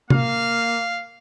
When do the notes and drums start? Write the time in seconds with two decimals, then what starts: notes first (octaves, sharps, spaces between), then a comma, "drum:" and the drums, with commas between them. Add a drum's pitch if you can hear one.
0.10 A#3 F5, drum: tom C3